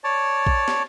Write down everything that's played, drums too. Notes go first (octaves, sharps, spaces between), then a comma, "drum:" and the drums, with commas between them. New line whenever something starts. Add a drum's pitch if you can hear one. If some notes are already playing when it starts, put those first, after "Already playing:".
C#5 D5 A5
drum: kick A#1
drum: snare